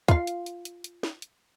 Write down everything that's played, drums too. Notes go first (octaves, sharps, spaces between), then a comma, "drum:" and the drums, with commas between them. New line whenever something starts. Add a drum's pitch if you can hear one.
F4 F5, drum: kick, hi-hat
drum: hi-hat
drum: hi-hat
drum: hi-hat
drum: hi-hat
drum: snare
drum: hi-hat